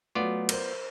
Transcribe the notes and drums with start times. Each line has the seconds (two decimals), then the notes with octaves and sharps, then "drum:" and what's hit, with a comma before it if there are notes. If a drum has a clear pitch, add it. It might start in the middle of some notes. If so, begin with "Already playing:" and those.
0.15 F#3 A3 B3 F4 D5
0.49 A#4 C5, drum: cymbal